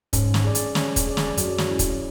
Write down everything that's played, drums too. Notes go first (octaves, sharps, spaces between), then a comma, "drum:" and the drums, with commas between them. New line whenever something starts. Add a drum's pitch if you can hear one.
G#2 C#4, drum: kick, hi-hat
drum: snare
G#4 D5
drum: hi-hat
C#4, drum: snare
drum: kick, hi-hat
G#4 D5
drum: snare
F#2 F#3, drum: hi-hat
drum: snare
C#4 E4
drum: kick, hi-hat